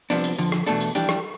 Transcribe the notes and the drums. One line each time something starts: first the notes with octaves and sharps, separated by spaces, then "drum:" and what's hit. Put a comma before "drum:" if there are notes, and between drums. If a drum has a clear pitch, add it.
C2 C3 F3 B3 D4, drum: hi-hat
drum: hi-hat
F2 D3 F3, drum: hi-hat
drum: rim click
E2 B2 A3 D4 A4, drum: hi-hat
drum: hi-hat
F2 E3 G3 D4 G4, drum: hi-hat
drum: rim click